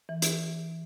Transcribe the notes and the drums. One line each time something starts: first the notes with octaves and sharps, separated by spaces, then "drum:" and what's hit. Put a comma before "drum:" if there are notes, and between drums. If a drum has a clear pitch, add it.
E3
drum: hi-hat